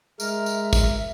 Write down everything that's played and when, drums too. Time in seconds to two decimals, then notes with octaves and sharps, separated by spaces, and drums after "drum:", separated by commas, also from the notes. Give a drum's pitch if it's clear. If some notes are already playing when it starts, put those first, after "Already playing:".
0.20 G#3 A#4 E5, drum: tambourine
0.46 drum: tambourine
0.73 drum: kick, tambourine